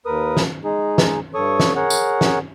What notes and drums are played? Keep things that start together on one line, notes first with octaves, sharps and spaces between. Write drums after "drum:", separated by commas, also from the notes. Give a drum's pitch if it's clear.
D#2 A#4 B4 D#6
drum: snare
G#3 D#4 G#4
drum: snare
G2 A4 C#5 C#6 D#6
drum: snare
G#4 A#4 C#5 F#5
drum: tambourine
drum: snare